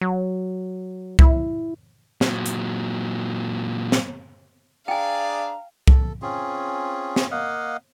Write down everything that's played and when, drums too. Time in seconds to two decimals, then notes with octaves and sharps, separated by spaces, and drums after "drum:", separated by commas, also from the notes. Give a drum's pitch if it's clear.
0.01 F#3
1.19 E4, drum: kick C2
2.21 A#2 F#3, drum: snare
2.46 drum: hi-hat
3.92 drum: snare
4.88 D4 G#4 D5 F5 G5 G#5 A#5
5.87 A4, drum: kick C2
6.22 C4 C#4 F4 G#4
7.16 drum: snare
7.31 A#3 D#5 F5 F#5